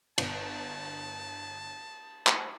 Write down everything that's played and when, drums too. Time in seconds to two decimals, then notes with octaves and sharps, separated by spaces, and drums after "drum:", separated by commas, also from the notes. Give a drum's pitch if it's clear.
0.18 G1 A5, drum: cymbal
2.27 drum: clap